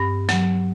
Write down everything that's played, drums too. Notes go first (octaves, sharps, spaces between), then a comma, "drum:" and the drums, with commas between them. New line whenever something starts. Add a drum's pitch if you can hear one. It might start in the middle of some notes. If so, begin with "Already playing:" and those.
Already playing: G2 C4
F#3, drum: snare